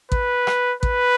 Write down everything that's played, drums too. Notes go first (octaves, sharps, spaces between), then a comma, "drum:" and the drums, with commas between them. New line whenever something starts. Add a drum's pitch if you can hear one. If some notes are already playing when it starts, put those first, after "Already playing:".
B4, drum: kick A1
drum: rim click
B4, drum: kick A1